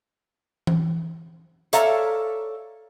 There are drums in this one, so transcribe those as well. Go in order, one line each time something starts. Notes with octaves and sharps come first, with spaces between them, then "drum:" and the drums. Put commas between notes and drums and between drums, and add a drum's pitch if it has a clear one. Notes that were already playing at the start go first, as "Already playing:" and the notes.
drum: tom E3
A4 C#5 D5 E5 F5 A#5, drum: hi-hat